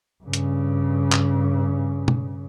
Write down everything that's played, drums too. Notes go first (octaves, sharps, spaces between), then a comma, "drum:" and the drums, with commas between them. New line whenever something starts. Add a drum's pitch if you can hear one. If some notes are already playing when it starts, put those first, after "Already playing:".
G2 C#3
drum: hi-hat
drum: clap
drum: tom B2